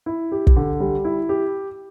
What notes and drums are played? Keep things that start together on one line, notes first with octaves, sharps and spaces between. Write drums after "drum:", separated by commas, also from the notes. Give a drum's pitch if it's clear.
E4
G4
drum: kick
D3
G3
E4
G4